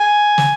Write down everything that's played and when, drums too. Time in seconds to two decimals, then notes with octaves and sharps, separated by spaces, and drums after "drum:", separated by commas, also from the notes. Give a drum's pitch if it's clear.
0.01 G#5
0.38 drum: snare